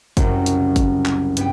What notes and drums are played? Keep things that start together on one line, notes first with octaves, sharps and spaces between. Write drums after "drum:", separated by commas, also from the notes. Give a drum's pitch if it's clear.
F#1 C2 F#2, drum: kick, hi-hat
drum: hi-hat
drum: kick, hi-hat
drum: clap
G2 B3 G5, drum: hi-hat